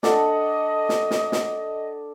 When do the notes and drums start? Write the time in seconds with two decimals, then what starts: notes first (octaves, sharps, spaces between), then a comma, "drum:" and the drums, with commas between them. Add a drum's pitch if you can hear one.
0.03 D4 A4 D#5 F#5, drum: snare
0.89 drum: snare
1.11 drum: snare
1.32 drum: snare